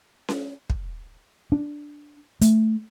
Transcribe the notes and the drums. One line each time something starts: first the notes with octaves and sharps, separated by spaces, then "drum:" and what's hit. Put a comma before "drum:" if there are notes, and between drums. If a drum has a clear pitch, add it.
drum: snare C#4
drum: kick
D4
A3, drum: hi-hat